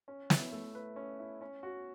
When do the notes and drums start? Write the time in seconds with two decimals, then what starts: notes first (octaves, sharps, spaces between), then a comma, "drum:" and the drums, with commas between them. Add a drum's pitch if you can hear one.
0.08 C#4
0.30 E4, drum: snare
0.52 A3
0.75 B4
0.96 C#4
1.19 E4
1.41 C#4
1.63 F#4